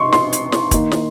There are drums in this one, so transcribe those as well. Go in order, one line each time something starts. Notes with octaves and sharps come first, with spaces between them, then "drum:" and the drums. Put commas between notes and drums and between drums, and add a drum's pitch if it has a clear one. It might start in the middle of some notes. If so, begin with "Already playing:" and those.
Already playing: C3 C4 D#4 C6 C#6
C6, drum: snare
drum: hi-hat
drum: snare
D#3 A#3 D#4, drum: kick, hi-hat
drum: snare